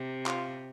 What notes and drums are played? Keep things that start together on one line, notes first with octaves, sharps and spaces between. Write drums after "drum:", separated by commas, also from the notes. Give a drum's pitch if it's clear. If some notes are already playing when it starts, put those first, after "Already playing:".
Already playing: C3
F4, drum: clap